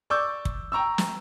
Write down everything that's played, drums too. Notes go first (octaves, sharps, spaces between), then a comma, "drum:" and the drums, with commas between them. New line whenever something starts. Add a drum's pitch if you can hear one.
D5 C#6 D6 E6 G6
drum: kick
G5 A#5 C#6 E6
drum: snare